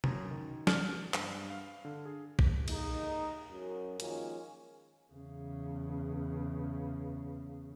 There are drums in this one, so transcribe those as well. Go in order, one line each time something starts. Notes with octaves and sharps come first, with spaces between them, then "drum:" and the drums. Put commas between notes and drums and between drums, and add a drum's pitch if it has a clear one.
F#2, drum: tom C3
D#3
F6, drum: snare
G2, drum: clap
F5
D3
G#4
drum: kick B1
D#2 G#3 D#4, drum: cymbal
F#2
D#3 F3 G#3 A#3 C#4, drum: hi-hat
E2 C#3